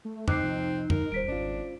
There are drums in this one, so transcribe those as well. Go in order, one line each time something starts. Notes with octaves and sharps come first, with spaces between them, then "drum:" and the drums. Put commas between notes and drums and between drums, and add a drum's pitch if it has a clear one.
A3
C4 D#4 D6 F#6 C7, drum: tom F2
C2 C3 F3
A#4, drum: tom F2
D#1 G3 C5 B6 D7
G#1 C#4 D4 F4